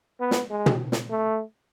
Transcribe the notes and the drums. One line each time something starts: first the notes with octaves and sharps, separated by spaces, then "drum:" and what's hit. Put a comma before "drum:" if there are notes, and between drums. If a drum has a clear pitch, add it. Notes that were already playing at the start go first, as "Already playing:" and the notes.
B3
drum: snare
G#3
drum: tom
drum: snare
A3